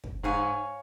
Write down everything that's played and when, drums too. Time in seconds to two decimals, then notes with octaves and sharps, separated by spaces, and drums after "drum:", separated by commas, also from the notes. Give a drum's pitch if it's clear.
0.04 drum: kick
0.23 G#2 C#5 F5 G#5